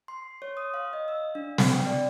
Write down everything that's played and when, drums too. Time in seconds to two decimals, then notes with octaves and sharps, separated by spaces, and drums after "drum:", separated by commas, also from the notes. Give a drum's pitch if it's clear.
0.08 C6
0.42 C#5
0.57 D#6
0.74 F5
0.93 D#5
1.08 E6
1.35 D4
1.58 drum: snare
1.71 G5
1.86 D5